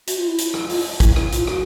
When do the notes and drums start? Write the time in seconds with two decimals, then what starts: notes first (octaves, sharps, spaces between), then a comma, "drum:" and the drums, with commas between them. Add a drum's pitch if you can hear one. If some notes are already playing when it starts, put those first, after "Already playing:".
0.07 F#4, drum: hi-hat
0.17 F4
0.27 E4
0.38 drum: hi-hat
0.54 drum: rim click
0.69 F4, drum: open hi-hat
1.00 E4, drum: kick, hi-hat
1.16 E4, drum: rim click
1.32 F4, drum: hi-hat
1.47 F#4, drum: rim click